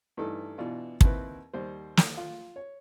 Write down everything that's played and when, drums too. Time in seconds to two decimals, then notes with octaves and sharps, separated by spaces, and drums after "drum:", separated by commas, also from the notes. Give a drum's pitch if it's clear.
0.17 G2 E3 A3 D#4 A4
0.58 B2 E3 D4 F4
1.01 D#2 C4 E4 B4, drum: kick
1.53 D#2 G3 C5
1.97 drum: snare
2.17 F4
2.56 C#5